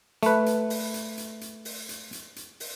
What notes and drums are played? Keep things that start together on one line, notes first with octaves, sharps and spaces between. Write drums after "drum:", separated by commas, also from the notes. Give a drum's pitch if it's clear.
A3 B4, drum: hi-hat
drum: hi-hat
drum: open hi-hat
drum: hi-hat
drum: hi-hat
drum: hi-hat
drum: open hi-hat
drum: hi-hat
drum: hi-hat
drum: hi-hat
drum: open hi-hat